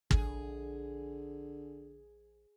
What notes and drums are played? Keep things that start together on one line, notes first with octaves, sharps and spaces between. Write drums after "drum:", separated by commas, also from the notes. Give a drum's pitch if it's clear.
A#1 D3 G#4, drum: kick